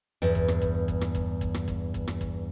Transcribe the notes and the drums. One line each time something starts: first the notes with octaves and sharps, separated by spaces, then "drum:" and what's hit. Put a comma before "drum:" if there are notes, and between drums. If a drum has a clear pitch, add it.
E2 G2
drum: kick
drum: rim click
drum: kick
drum: kick
drum: rim click
drum: kick
drum: kick
drum: rim click
drum: kick
drum: kick
drum: rim click
drum: kick